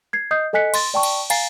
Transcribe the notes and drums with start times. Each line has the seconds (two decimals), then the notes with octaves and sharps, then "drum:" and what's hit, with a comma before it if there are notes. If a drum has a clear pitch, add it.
0.13 G#6 C7
0.31 D#5 D#6 G6 C7
0.53 A4 D#5 G#5 F#6 B6 C#7
0.74 C6 A6, drum: cymbal
0.94 D5 G5 A5 C#6
1.03 drum: cymbal
1.30 F5 G#5 A#5 A6 C7, drum: cymbal